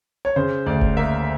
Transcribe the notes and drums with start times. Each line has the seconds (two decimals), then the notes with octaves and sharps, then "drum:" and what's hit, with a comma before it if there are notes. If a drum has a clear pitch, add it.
0.25 C#5
0.36 C#3 C5
0.66 D2 D5
0.82 drum: kick F#1
0.97 A#3 E5